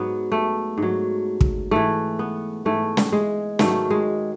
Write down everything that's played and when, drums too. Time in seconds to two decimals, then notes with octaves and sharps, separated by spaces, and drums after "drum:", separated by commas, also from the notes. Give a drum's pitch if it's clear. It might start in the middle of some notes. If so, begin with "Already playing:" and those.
Already playing: G#2 F#3 B3
0.32 A3
0.78 G#2 F#3
1.41 drum: kick
1.71 G#2 E3 A3
2.19 B3
2.65 G#2 E3 A3
2.97 drum: snare
3.12 G#3
3.59 G#2 D#3 F#3 A3, drum: snare
3.90 G#3